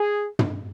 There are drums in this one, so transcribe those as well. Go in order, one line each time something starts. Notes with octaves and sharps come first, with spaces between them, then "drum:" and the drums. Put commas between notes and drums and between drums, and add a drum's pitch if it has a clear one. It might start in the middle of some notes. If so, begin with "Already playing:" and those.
Already playing: G#4
drum: tom